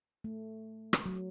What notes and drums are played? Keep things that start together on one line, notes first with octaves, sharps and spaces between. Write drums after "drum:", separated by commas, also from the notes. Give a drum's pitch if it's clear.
A3
drum: rim click
F#3